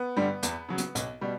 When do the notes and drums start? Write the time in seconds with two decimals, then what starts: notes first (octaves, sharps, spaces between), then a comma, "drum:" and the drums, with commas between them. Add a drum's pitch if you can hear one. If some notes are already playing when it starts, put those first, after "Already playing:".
Already playing: B3
0.17 G2 D3 G3
0.43 E2, drum: hi-hat
0.69 C#3 F#3
0.78 drum: hi-hat
0.95 B1, drum: hi-hat
1.21 B2 G3